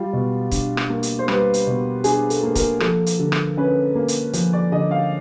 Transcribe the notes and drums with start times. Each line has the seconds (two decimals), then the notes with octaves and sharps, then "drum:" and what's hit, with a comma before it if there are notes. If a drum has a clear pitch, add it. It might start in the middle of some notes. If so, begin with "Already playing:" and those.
Already playing: G3 F4
0.13 B2
0.51 D4, drum: kick, hi-hat
0.77 drum: rim click
0.90 A#3
1.03 drum: hi-hat
1.19 C5
1.28 G3 B4, drum: rim click
1.54 drum: hi-hat
1.67 B2
2.04 D4 G#4, drum: hi-hat
2.30 A4, drum: hi-hat
2.43 A#3
2.55 A#4, drum: kick, hi-hat
2.80 F3 A4, drum: rim click
3.06 drum: hi-hat
3.19 D3
3.32 drum: rim click
3.57 C#4 B4
3.95 A#3
4.08 drum: hi-hat
4.33 F3, drum: hi-hat
4.53 D5
4.72 D3 D#5
4.91 F5